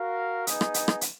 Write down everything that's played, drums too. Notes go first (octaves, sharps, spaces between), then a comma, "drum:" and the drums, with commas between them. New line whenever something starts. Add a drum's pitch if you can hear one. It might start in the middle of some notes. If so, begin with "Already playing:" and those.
Already playing: F#4 A#4 F5
B3 D#4 G#4 D#5, drum: hi-hat
drum: rim click
drum: hi-hat
drum: rim click
drum: hi-hat